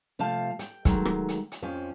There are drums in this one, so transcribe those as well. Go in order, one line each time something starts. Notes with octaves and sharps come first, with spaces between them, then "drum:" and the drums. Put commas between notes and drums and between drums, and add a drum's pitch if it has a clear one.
C3 F3 A3 F5 A5
G5, drum: hi-hat
D#3 F#3 G#3 A3, drum: kick, hi-hat
drum: rim click
drum: hi-hat
drum: hi-hat
F2 F3 C#4